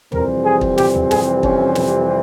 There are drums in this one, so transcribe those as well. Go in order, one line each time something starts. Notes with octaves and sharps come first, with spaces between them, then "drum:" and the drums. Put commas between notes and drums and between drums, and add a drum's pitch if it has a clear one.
F2 C3 E3 G3 C4 A#4, drum: tom
G#4
drum: kick
G4, drum: snare
drum: tom
G#4, drum: snare
C#4, drum: kick
drum: snare